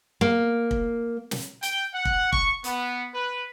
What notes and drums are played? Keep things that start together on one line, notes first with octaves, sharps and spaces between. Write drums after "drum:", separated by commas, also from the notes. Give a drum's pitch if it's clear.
A#3
drum: kick
drum: snare
G5, drum: hi-hat
F#5
drum: kick
C#6, drum: kick
B3, drum: hi-hat
B4